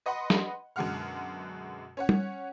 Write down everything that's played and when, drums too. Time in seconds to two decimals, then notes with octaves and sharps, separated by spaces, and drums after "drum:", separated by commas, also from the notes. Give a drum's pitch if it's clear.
0.06 B4 D#5 F#5 B5 C6
0.30 drum: snare
0.76 F#2 B2 D3 G#3 F#5 F6
1.97 C#4 C#5 F#5
2.09 drum: tom